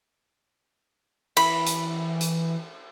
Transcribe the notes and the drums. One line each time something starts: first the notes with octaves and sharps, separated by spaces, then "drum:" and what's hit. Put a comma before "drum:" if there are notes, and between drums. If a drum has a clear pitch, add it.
E3 B5, drum: cymbal
drum: hi-hat
drum: hi-hat